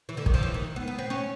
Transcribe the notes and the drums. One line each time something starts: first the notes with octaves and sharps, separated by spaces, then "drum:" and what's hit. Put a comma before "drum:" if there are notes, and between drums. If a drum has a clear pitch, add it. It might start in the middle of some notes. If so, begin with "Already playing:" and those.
E3
D3
D#3, drum: kick
F3
E3
D#3
B3
B3
C4
C#4